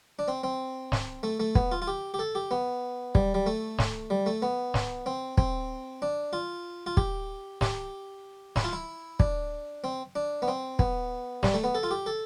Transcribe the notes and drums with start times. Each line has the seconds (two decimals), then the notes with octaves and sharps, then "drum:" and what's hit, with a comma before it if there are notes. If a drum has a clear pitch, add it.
0.19 D4
0.28 C4
0.44 C4
0.92 drum: snare
1.23 A3
1.40 A3
1.55 B3, drum: kick
1.72 F4
1.82 F4
1.87 G4
2.14 G4
2.19 A4
2.35 G4
2.51 B3
3.15 G3, drum: kick
3.34 G3
3.46 A3
3.79 drum: snare
4.10 G3
4.26 A3
4.42 B3
4.74 drum: snare
5.06 C4
5.38 C4, drum: kick
6.02 D4
6.33 F4
6.86 F4
6.97 G4, drum: kick
7.61 G4, drum: snare
8.56 E4, drum: snare
8.64 F4
8.73 E4
9.20 D4, drum: kick
9.84 C4
10.16 D4
10.42 B3
10.48 C4
10.79 B3, drum: kick
11.43 G3, drum: snare
11.54 A3
11.64 B3
11.75 A4
11.83 F4
11.91 G4
12.06 A4